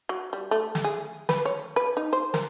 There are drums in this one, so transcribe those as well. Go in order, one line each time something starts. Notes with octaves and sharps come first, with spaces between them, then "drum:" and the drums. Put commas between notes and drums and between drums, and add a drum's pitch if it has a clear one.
F#3
G3
A3
drum: snare
G#4
B4, drum: snare
C#5
B4
D#4
C5
A#4, drum: snare